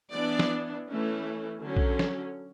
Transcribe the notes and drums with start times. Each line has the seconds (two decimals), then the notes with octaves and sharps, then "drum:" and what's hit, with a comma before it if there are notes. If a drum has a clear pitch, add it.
0.13 E3 B3 D4 D5
0.39 drum: snare
0.88 E3 A3 C#4
1.61 D3 F#3 C#4
1.77 drum: kick A#1
1.99 drum: snare